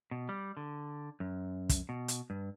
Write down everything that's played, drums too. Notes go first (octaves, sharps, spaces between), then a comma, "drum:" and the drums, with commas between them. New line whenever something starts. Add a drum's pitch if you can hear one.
B2
G3
D3
F#2
drum: kick, hi-hat
B2
drum: hi-hat
G2